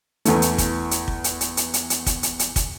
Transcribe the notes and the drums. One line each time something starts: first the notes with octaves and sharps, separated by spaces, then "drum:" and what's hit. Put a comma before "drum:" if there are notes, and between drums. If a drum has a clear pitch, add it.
E2 E3 A3, drum: hi-hat
drum: hi-hat
drum: kick, hi-hat
drum: hi-hat
drum: kick
drum: hi-hat
drum: hi-hat
drum: hi-hat
drum: hi-hat
drum: hi-hat
drum: kick, hi-hat
drum: hi-hat
drum: hi-hat
drum: kick, hi-hat